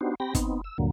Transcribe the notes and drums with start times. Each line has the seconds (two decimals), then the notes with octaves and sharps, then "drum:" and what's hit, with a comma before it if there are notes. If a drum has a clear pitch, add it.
0.01 B3 D4 D#4 F#4 G4 C5
0.20 C4 G4 G5 B5 A#6
0.35 B3 C4 D#4, drum: kick, hi-hat
0.64 E6
0.78 D2 G2 A#2 D3 F#3 A#3